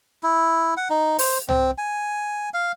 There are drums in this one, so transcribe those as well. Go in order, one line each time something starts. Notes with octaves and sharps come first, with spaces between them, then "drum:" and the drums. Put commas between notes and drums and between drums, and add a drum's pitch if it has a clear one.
E4
F#5
D#4
C5, drum: open hi-hat
C4, drum: tom
G#5
F5